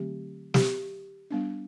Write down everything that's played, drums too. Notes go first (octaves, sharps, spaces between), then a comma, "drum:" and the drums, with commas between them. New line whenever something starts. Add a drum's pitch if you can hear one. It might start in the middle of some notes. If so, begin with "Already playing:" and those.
Already playing: D3 F#3 A3 C4 G4
G4, drum: snare
G3 B3 D4